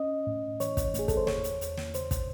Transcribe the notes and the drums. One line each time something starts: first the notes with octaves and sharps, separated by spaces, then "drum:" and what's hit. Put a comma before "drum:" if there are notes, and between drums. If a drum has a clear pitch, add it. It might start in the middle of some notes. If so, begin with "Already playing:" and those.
Already playing: C#4 D#5
A2
E3 C#5, drum: hi-hat
drum: kick, hi-hat
A3 G#4, drum: hi-hat
A4, drum: kick, hi-hat
C5
E2 C#5, drum: snare
drum: hi-hat
E2, drum: hi-hat
drum: snare
C#3 C5, drum: hi-hat
drum: kick, hi-hat